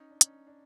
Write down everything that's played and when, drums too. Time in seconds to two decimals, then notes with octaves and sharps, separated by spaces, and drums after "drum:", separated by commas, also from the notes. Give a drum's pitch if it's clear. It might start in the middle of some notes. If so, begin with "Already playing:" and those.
Already playing: C#4 D#4
0.11 D4
0.21 C#4 D#4, drum: hi-hat
0.47 D4